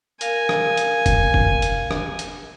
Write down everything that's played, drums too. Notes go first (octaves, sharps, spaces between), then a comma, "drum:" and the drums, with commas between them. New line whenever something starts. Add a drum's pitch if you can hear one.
A#4 F5 G#5, drum: hi-hat
drum: rim click
drum: hi-hat
drum: kick F1, hi-hat
drum: kick F1
drum: hi-hat
drum: rim click
drum: hi-hat